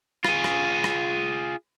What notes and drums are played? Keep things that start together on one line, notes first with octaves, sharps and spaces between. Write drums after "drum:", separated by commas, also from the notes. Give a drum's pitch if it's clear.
F4 G#4, drum: rim click
drum: rim click
drum: rim click